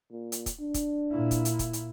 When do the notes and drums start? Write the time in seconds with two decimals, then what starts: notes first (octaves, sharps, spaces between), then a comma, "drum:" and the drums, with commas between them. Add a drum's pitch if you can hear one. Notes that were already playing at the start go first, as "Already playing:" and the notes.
0.12 A#2
0.32 drum: hi-hat
0.46 drum: kick, hi-hat
0.60 D4
0.74 drum: kick, hi-hat
1.11 A#2 E4
1.31 drum: kick, hi-hat
1.45 drum: hi-hat
1.59 drum: kick, hi-hat
1.73 drum: hi-hat